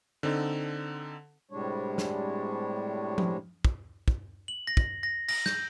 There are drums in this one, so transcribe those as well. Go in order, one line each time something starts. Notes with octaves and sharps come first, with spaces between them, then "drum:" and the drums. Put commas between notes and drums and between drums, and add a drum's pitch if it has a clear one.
D3 C4 D#4 A4
A2 C3 G3 G#3 D4 C#5
drum: snare
drum: tom F3
drum: kick
drum: kick
F#7
A#6
drum: kick
A#6
A#6, drum: cymbal
G6, drum: snare